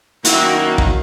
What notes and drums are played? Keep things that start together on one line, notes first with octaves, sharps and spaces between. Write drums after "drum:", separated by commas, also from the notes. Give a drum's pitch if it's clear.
F#2 D#3 A#3 E4 F#4, drum: hi-hat
drum: kick